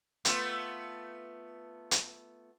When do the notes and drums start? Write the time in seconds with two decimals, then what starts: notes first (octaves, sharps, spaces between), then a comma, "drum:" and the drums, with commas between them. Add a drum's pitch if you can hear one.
0.25 A3 B3 F4, drum: hi-hat
1.91 drum: hi-hat